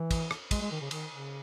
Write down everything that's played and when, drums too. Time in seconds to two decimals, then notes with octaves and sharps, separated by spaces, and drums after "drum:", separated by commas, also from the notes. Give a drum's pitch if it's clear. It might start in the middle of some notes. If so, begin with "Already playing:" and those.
Already playing: E3
0.11 drum: kick, cymbal
0.31 drum: rim click
0.51 G#3, drum: kick, cymbal
0.61 G#3
0.72 D#3
0.81 C#3
0.91 D#3, drum: cymbal
1.11 C#3